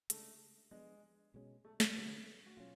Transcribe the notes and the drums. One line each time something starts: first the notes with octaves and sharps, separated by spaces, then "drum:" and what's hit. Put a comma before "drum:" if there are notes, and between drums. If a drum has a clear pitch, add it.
C#3 G#3 A3 D4, drum: hi-hat
F3 G#3 B3 D4
B2 G#3 C#4
A3
C#4, drum: snare
D3 F#3 A3 B3
F#4
B2 F#3 C#4 F4